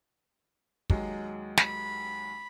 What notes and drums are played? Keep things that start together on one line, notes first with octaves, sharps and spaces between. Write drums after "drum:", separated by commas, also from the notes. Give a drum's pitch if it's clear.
D#2 F#3 G#3, drum: kick
B5, drum: snare